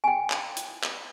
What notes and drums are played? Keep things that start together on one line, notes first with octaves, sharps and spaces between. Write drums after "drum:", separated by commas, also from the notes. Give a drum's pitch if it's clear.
G5 G#5
drum: clap
drum: hi-hat
drum: clap